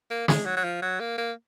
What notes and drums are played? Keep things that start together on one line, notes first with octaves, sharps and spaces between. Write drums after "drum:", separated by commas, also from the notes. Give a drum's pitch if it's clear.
A#3
G#3, drum: snare
F#3
F#3
F3
F#3
A#3
A#3